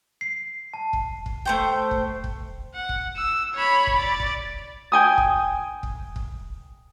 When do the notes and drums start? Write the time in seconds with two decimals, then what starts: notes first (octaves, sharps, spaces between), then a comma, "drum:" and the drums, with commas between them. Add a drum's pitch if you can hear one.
0.21 C7
0.74 A5
0.93 drum: kick
1.26 drum: kick
1.45 A3 C5 G5
1.91 drum: kick
2.24 drum: kick
2.74 F#5
2.89 drum: kick
3.16 E6
3.54 C#5 B5
3.87 drum: kick
3.98 D5
4.20 drum: kick
4.92 G5 G#5 D#6
5.18 drum: kick
5.83 drum: kick
6.16 drum: kick